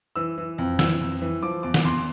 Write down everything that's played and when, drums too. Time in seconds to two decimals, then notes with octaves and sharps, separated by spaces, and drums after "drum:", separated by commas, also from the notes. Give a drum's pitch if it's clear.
0.16 E3 E6
0.38 E3
0.58 F2
0.79 E3 E6, drum: snare
1.01 F2
1.22 E3
1.43 F3 D6
1.63 E2 D6
1.74 drum: snare
1.84 E2 C6